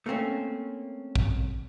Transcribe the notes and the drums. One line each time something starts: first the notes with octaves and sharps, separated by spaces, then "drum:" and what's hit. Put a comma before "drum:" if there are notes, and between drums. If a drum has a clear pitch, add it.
A3 A#3 C4 C#4
drum: kick